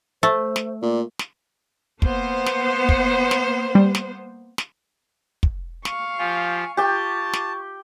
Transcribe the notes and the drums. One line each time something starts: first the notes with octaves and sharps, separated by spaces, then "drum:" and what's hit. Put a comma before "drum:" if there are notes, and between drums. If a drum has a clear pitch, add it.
A3 C5
drum: snare
A#2 D5
drum: snare
A#3 B3 C5, drum: kick
drum: snare
drum: kick
drum: snare
G3
drum: snare
drum: snare
drum: kick
F5 C#6, drum: snare
F3 F4 G4 G#5
F4 G4 G5 A5 C#6
drum: snare